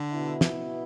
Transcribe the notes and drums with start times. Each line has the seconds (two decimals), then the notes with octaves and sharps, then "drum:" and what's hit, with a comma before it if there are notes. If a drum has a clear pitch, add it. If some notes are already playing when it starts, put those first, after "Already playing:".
Already playing: D3
0.13 B2 B3 E4
0.41 drum: snare